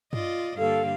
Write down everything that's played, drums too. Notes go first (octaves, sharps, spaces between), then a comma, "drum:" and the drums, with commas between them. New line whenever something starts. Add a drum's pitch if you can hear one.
F4 D5 D#5, drum: tom
G2 D3 A#3 A4 F5